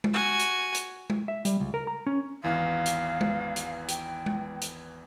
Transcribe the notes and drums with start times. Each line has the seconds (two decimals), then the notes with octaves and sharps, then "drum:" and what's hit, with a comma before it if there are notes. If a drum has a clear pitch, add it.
0.04 drum: tom G#3
0.13 F#4 G#5
0.39 drum: hi-hat
0.74 drum: hi-hat
1.10 drum: tom G#3
1.28 E5
1.45 G3, drum: hi-hat
1.60 C#2
1.74 A#4
1.87 A#5
2.07 C#4
2.43 G#1 E2 E3 F5
2.86 drum: hi-hat
3.21 drum: tom G#3
3.56 drum: hi-hat
3.88 G5, drum: hi-hat
4.26 drum: tom G#3
4.61 drum: hi-hat